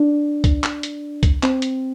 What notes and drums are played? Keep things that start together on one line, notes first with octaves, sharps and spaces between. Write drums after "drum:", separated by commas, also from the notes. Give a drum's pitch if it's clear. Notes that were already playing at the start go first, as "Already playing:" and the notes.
Already playing: D4
drum: kick C#2, hi-hat
drum: clap
drum: hi-hat
drum: kick C#2, hi-hat
C4, drum: clap
drum: hi-hat